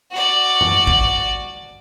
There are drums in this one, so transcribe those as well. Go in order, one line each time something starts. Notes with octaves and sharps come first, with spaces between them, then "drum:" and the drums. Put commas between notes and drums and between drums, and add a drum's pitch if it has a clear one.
F#4 D5
drum: tom F#2
drum: kick